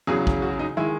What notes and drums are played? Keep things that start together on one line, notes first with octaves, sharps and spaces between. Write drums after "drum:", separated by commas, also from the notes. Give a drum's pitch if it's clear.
E2 C#3 F#3 G#4
drum: kick
F#4
D#4
D#3 G#3 E4